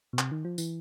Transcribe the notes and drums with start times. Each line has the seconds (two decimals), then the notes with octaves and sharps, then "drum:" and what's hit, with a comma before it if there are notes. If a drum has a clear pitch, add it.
0.13 B2
0.19 C3, drum: clap
0.31 D#3
0.45 F3
0.58 E3, drum: tambourine